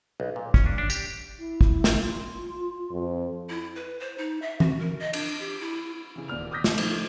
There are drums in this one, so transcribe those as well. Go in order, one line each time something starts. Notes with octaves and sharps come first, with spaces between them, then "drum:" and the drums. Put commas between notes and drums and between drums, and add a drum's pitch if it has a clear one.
B1
A#2
C#4, drum: kick
D4
D4
G4, drum: tambourine
E4
drum: kick
drum: snare
F4
F2
E4
B4
C5
D#4
E5
F#4, drum: tom E3
A#4
D#5
D4, drum: cymbal
G4
E4
C#3 E3
D#1 A#2 D5 F6 F7
D6 D#6 F6 G6 A#6 B6
F3, drum: snare
D#3 F3 A3, drum: cymbal